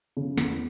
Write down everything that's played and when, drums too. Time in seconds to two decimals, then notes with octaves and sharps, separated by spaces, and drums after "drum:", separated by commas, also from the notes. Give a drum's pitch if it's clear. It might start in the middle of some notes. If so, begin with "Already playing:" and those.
0.17 C#3
0.38 E2, drum: snare